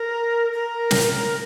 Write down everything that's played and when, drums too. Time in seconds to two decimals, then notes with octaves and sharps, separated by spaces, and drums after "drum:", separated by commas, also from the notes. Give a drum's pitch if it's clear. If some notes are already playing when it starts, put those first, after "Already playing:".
Already playing: A#4
0.53 A#4
0.91 drum: snare
1.13 A#4